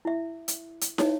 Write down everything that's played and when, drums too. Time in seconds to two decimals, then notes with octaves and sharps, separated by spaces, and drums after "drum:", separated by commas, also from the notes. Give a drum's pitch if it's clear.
0.05 E4 E5
0.48 drum: hi-hat
0.81 drum: hi-hat
0.98 D#4 C#5, drum: snare